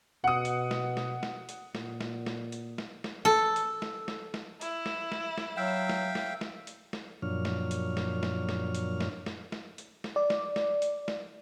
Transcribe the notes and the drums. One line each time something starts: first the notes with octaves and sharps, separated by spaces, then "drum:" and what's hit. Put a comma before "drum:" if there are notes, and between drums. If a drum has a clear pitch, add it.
B2 F#5 D#6
drum: hi-hat
drum: snare
drum: snare
drum: snare
drum: hi-hat
A#2, drum: snare
drum: snare
drum: snare
drum: hi-hat
drum: snare
drum: snare
A4
drum: hi-hat
drum: snare
drum: snare
drum: snare
E4, drum: hi-hat
drum: snare
drum: snare
drum: snare
F#3 E5 F5 G5
drum: snare
drum: snare
drum: snare
drum: hi-hat
drum: snare
F#2 A#2 F3 D4 C#5 F6
drum: snare
drum: hi-hat
drum: snare
drum: snare
drum: snare
drum: hi-hat
drum: snare
drum: snare
drum: snare
drum: hi-hat
drum: snare
D5
drum: snare
drum: snare
drum: hi-hat
drum: snare